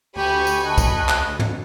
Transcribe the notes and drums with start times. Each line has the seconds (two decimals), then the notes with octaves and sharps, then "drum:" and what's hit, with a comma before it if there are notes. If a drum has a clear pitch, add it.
0.16 D2 G4 G#5 B5 C#6
0.47 drum: tambourine
0.64 D#5 A5 F#6
0.78 drum: kick, tambourine
1.09 drum: clap
1.39 drum: tom